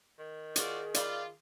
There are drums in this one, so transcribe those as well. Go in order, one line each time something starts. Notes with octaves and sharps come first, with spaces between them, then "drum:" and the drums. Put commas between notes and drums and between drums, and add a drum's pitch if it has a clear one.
D#3
F4 F#4 G#4 D5, drum: hi-hat
F4 D5 B5, drum: hi-hat